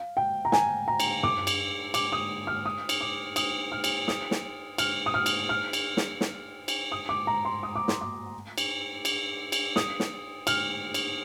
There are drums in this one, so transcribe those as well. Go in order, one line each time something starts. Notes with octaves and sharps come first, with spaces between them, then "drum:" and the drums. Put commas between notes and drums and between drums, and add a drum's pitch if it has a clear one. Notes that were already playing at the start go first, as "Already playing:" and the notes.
Already playing: F5
G5
A#5
G#5, drum: snare
A#5
drum: cymbal
D6, drum: tom
drum: cymbal
D6, drum: cymbal
D#6
F6
D#6
drum: cymbal
D6
D#6, drum: cymbal
F6
drum: cymbal
D#6, drum: snare
drum: snare
F6, drum: cymbal
D#6
F6
drum: cymbal
F6
drum: cymbal
drum: snare
drum: snare
drum: cymbal
D#6
D6
A#5
C6
D#6
D6
C6, drum: snare
D6
drum: cymbal
drum: cymbal
drum: cymbal
D#6, drum: snare
drum: snare
F6, drum: cymbal
drum: cymbal